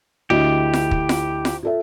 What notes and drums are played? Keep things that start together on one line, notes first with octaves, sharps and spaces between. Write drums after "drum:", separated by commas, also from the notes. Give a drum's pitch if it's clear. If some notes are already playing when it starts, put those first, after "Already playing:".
D2 E4 G4 D#5
drum: snare F4
drum: kick
drum: snare F4
drum: snare F4
F4 A4 E5